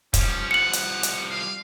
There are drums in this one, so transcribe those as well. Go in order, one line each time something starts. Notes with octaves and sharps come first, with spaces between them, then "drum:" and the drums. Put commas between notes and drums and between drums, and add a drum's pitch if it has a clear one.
F3 G3 C#4, drum: kick, hi-hat
F#5 C#7 F#7
drum: hi-hat
drum: hi-hat
F5